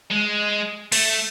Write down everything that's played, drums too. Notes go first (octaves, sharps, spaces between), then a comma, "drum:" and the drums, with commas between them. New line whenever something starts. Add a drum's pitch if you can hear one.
G#3
A3, drum: cymbal